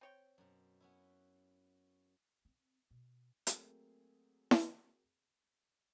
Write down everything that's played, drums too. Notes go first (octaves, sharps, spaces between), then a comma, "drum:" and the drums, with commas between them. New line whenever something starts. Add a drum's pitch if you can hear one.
C4 C#5 G5
F#2 B2
B3 C#4 E4
C4
B2
F#3 A3 A#3 C4 G#4, drum: hi-hat
drum: snare E4